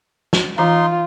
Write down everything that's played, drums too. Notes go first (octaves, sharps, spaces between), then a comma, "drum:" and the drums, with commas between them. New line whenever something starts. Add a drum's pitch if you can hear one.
drum: snare
E3 D#4 F4 A#5 C6